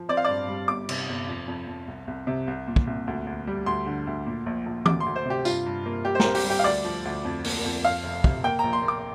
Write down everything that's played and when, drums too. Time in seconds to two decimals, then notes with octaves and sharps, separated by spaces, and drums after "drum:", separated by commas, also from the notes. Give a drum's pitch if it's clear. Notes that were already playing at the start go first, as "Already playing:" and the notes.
Already playing: F3
0.09 C4 D5
0.17 F5
0.25 G2 D5
0.48 G3
0.68 G1 D6
0.89 C3, drum: cymbal
1.08 G1
1.28 F2
1.48 F2
1.67 F2
1.88 C2
2.07 C2
2.27 C3
2.47 C2
2.67 A#2
2.76 drum: kick
2.87 C2
3.07 D2
3.27 D2
3.47 G3
3.66 D2 C6
3.86 D3
4.07 D2
4.26 A#2
4.46 A#1
4.66 A#1
4.86 D2 D6, drum: tom E3
5.00 C6
5.06 D2
5.16 C5
5.25 C3 G4
5.45 G2 F4, drum: tambourine
5.66 G2
5.86 A#3
6.05 G3 G4
6.15 C5
6.20 A#4, drum: snare
6.26 C2
6.35 G4, drum: open hi-hat
6.44 G3
6.50 G4
6.59 F5
6.64 D2 D5
6.85 F3
7.05 D2
7.25 F2
7.44 A#3, drum: open hi-hat
7.65 F2
7.84 F2 F5
8.03 F1
8.24 C3, drum: kick
8.44 A#3 G5
8.59 A#1 A#5
8.73 C6
8.83 A#3
8.88 D6